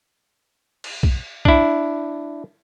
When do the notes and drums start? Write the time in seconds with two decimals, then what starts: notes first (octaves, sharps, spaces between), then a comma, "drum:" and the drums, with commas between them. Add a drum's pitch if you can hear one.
0.84 drum: cymbal
1.03 drum: kick
1.45 D4 E4, drum: kick